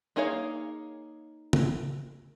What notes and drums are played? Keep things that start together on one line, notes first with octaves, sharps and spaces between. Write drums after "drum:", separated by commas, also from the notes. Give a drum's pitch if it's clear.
A#3 D#4 G#4 C#5 F5
drum: tom C#3